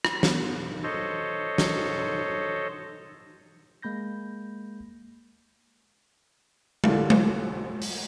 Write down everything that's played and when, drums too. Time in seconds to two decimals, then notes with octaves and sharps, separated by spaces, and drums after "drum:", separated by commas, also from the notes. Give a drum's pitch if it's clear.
0.05 drum: rim click
0.23 B3, drum: snare
0.83 A4 C5 C#5 D#5
1.58 drum: snare
3.82 G#3 A#3 B5 G6 A#6
6.84 B1 D3 E3 G3 A#3, drum: tom G#3
7.10 drum: tom G#3
7.82 drum: open hi-hat